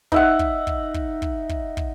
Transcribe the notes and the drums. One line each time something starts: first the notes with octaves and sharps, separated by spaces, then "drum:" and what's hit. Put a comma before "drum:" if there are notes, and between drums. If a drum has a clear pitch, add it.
D#4 E5 F#5, drum: kick
drum: kick
drum: kick
drum: kick
drum: kick
drum: kick
drum: kick